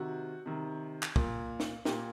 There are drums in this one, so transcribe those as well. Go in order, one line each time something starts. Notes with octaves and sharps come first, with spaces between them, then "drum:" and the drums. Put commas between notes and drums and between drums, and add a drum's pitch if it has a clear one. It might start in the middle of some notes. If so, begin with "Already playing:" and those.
Already playing: C3 D#3 F#4
C3 D#3
drum: clap
A#2, drum: kick
drum: snare
A#2 G4, drum: snare